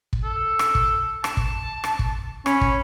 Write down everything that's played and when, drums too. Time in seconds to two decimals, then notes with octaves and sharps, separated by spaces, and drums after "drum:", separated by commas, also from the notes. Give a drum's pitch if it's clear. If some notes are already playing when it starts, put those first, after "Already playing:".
0.13 drum: kick
0.24 A4
0.59 drum: rim click
0.75 drum: kick
1.24 A5, drum: rim click
1.37 drum: kick
1.84 drum: rim click
1.99 drum: kick
2.46 C#4 B5, drum: rim click
2.61 drum: kick